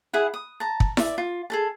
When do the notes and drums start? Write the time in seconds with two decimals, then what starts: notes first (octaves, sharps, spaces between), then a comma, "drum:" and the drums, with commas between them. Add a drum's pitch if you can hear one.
0.13 E4 G#4 F#5
0.34 D#6
0.60 A5 A#5
0.80 drum: kick
0.97 D5 E5, drum: snare E4
1.18 F4
1.50 G#4 A4 A5